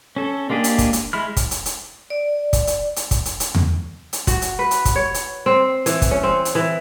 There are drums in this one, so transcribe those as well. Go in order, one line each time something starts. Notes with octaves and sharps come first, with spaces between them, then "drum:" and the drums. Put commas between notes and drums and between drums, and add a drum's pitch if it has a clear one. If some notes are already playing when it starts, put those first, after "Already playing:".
C#4 A4
G#3 A#3 D4 G4 G#4
drum: hi-hat
drum: kick, hi-hat
drum: hi-hat
G#3 E4 B5 F6
drum: kick, hi-hat
drum: hi-hat
drum: hi-hat
D5
drum: kick, hi-hat
drum: hi-hat
drum: hi-hat
drum: kick, hi-hat
drum: hi-hat
drum: hi-hat
drum: tom E2
drum: hi-hat
F#4, drum: kick, hi-hat
drum: hi-hat
B4
drum: hi-hat
drum: kick, hi-hat
C#5
drum: hi-hat
C4
E3, drum: hi-hat
drum: kick, hi-hat
C#4
C4
drum: hi-hat
E3